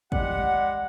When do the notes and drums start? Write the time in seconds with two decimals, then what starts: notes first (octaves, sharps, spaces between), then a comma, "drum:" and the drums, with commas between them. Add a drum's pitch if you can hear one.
0.12 G3 G#3 G4 F#5, drum: kick